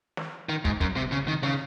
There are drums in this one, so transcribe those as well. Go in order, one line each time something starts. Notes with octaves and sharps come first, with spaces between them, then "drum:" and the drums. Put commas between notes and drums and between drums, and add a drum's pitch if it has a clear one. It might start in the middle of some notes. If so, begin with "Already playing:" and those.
drum: snare
D#3
G#2, drum: kick
F#2, drum: kick
C3
C#3
D#3
C#3, drum: snare